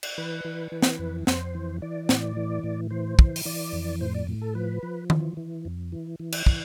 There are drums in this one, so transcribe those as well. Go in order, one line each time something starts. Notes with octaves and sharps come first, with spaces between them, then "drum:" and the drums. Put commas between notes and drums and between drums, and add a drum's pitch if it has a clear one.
drum: cymbal
E3 B4
E3
E3
drum: snare
F2
F2 C5, drum: snare
E3
E3 D5
A2, drum: snare
E3
A2
E3 C5
E3, drum: kick
drum: open hi-hat
E3 D5
F2
A2 C5
D5
A2
A4
F3 B4
F3
E3, drum: tom D#3
E3
F2
E3
E3
drum: cymbal
E3, drum: kick